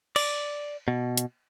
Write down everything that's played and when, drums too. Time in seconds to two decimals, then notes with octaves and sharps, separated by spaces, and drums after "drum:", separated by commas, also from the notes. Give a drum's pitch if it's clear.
0.16 D5, drum: cymbal
0.88 B2
1.17 drum: hi-hat